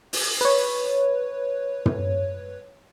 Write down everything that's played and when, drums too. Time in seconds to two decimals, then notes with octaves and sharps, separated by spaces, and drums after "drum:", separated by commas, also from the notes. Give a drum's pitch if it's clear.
0.13 drum: open hi-hat
0.41 B4 C#5
1.86 drum: tom